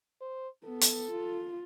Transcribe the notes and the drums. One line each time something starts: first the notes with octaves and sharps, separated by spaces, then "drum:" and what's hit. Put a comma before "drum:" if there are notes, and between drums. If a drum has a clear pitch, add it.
C5
B3 A4
drum: hi-hat
F4